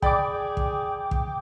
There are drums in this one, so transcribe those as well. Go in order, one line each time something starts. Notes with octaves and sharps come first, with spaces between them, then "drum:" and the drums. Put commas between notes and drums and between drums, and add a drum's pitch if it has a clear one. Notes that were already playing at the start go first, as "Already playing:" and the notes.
G#4 D5 G5 B5 D6, drum: kick
drum: kick
drum: kick